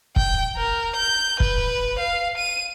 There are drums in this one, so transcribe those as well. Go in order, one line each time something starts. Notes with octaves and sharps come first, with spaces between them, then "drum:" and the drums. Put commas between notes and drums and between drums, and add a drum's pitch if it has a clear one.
G5, drum: kick
A#4
G6
B4, drum: kick
F5
D#7